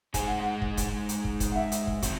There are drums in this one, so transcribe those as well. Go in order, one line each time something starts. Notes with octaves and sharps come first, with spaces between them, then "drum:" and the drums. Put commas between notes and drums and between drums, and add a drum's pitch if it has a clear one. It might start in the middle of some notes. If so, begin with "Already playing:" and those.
G#3 D#4 G#4 C5 G#5, drum: kick, hi-hat
F#5
F#5
drum: kick
drum: kick, hi-hat
drum: hi-hat
drum: kick
drum: kick, hi-hat
F#5
E5
drum: hi-hat
drum: kick
C4 F#4, drum: kick, hi-hat